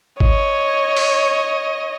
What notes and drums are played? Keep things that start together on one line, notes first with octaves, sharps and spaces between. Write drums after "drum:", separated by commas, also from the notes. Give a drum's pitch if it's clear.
C#5 D#5, drum: kick G#1
drum: open hi-hat